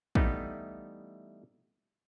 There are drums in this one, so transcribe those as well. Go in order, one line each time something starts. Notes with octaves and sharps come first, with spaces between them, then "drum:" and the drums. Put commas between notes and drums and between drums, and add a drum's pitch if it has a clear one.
E3 G3 A3 B3 D#4, drum: kick